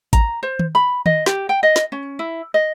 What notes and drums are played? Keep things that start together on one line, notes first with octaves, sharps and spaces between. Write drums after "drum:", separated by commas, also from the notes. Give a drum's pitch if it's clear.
A#5, drum: kick A1, hi-hat
C5
drum: tom D#3
B5
D#5, drum: tom D#3
G4, drum: snare
G5
D#5
drum: snare
C#4
E4
D#5